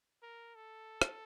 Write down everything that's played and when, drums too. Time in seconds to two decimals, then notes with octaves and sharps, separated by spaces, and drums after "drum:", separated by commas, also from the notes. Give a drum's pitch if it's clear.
0.23 A#4
0.56 A4
1.02 drum: rim click